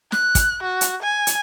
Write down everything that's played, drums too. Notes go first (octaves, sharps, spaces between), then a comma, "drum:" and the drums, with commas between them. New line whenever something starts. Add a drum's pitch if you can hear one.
F#6, drum: snare
drum: kick, hi-hat
F#4
drum: hi-hat
G#5
drum: hi-hat